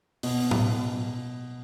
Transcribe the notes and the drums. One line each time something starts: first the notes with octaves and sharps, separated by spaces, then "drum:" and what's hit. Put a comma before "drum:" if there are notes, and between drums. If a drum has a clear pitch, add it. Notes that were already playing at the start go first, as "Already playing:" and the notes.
B2, drum: open hi-hat
drum: tom A2